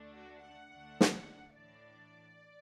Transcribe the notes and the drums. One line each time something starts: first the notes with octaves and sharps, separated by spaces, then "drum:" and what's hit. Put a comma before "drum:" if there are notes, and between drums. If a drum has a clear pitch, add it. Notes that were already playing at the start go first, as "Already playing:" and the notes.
Already playing: D2 D3 A3 D4
F#4
F#5
D2 D3 A3 D4
drum: snare
A2 E3 D4 D5